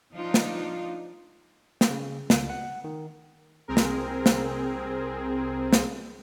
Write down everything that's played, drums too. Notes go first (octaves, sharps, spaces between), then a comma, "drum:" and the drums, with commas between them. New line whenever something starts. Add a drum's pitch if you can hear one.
F3 D4 D#4 F4
drum: snare
drum: snare
C#3
C#2, drum: snare
F#5
D#3
C2 C4 G#4 A#4
drum: snare
drum: snare
drum: snare